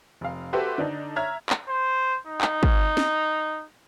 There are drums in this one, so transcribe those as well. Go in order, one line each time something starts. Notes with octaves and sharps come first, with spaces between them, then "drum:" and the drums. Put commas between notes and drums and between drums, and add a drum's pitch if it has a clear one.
F1 F5
F#4 G4 A4 B4 C5 E5
D3 D4 D#4
C#5 E5 A#5 F6 G#6
drum: clap
C5
D#4
drum: clap
drum: kick
drum: snare